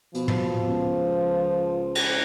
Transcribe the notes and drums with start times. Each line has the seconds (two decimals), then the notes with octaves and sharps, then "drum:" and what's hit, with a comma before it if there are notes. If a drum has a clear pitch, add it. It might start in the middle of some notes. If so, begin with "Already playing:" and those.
0.15 B2 F3, drum: hi-hat
0.28 drum: tom
0.68 C#2
1.95 drum: cymbal